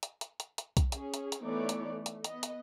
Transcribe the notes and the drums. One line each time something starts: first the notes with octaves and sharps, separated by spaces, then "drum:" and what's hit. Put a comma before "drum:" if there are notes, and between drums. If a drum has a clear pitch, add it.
drum: hi-hat
drum: hi-hat
drum: hi-hat
drum: hi-hat
drum: kick B1, hi-hat
C#4 G#4, drum: hi-hat
drum: hi-hat
drum: hi-hat
E3 A3 B3 D#4 C#5 D5
drum: hi-hat
A3
drum: hi-hat
B3 D#5, drum: hi-hat
drum: hi-hat